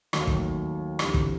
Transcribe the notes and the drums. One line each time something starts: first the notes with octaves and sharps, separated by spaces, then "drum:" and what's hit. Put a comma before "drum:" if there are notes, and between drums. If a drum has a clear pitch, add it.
D#2 D#3 F#3 A3, drum: rim click
drum: kick
D2 C3 E3, drum: rim click
drum: kick